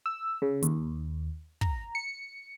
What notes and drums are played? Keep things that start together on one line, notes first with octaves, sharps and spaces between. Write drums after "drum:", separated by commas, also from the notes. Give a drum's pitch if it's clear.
E6
C#3
D#2, drum: hi-hat
A#5, drum: kick
C#7